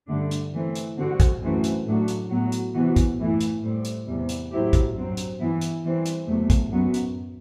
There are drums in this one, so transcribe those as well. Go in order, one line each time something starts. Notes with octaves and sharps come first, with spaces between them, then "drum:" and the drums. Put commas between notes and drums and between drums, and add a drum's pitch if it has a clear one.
G2 D3 A3 D4
drum: hi-hat
E3 A3 C4
drum: hi-hat
G2 D3 G3 C4 F#4
drum: kick, hi-hat
F#2 E3 A3 C4 F#4
drum: hi-hat
A2 F#3 A3 D4 F#4
drum: hi-hat
A2 F#3 B3 F#4
drum: hi-hat
C3 E3 B3 F#4
drum: kick, hi-hat
A2 E3 A3 E4
drum: hi-hat
A2 G3 C4
drum: hi-hat
E2 C3 G3
drum: hi-hat
A2 F#3 C4 E4 G4
drum: kick, hi-hat
G2 F#3 C4
drum: hi-hat
G2 E3 B3 E4
drum: hi-hat
E3 G3 C4
drum: hi-hat
E2 C3 F#3 A3
drum: kick, hi-hat
F#2 F#3 B3 F#4
drum: hi-hat